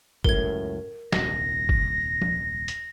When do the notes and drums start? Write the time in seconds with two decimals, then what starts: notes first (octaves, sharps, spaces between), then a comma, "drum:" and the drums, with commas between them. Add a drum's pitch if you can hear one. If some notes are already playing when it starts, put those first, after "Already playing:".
0.24 C#2 F#2 A2 A#4 G#6, drum: kick
1.12 D#1 C2 A#6, drum: snare
1.69 drum: kick
2.22 drum: tom F3
2.68 drum: hi-hat